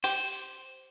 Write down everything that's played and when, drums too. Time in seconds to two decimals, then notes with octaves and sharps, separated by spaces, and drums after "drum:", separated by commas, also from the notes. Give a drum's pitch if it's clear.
0.04 G4 C5, drum: open hi-hat